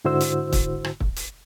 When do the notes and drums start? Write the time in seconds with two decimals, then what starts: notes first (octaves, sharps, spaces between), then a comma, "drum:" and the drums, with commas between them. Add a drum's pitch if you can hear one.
0.05 G#2 D3 E4 F#4 C5 E6
0.21 drum: hi-hat
0.52 drum: kick, hi-hat
0.84 drum: rim click
1.00 drum: kick
1.16 drum: hi-hat